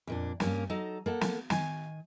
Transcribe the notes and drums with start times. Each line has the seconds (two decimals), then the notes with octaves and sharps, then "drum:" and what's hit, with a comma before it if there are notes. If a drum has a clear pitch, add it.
0.07 F2 A#2 D4
0.40 G2 A#3 C#4, drum: snare
0.70 F#3 D#4 A4 A#5
1.06 A#3 A4 F#5
1.21 drum: snare
1.50 D#3 G#5, drum: snare